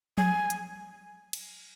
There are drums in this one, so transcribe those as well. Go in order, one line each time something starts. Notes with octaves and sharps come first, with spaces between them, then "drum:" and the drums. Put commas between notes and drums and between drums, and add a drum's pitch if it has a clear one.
G#5, drum: tom F3
drum: hi-hat
drum: cymbal